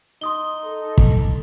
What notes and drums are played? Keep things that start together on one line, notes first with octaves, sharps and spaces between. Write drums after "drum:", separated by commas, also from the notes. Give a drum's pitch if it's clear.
D#4 C6 D#6 G7
A4
drum: kick